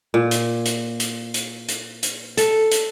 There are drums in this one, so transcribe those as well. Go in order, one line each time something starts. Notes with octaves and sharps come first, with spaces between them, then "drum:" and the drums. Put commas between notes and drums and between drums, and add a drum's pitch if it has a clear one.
A#2
drum: hi-hat
drum: hi-hat
drum: hi-hat
drum: hi-hat
drum: hi-hat
drum: hi-hat
A4, drum: hi-hat
drum: hi-hat